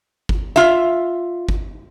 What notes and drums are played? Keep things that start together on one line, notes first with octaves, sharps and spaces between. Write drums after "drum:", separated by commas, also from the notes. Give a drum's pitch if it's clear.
drum: kick G1
F4 E5
drum: kick G1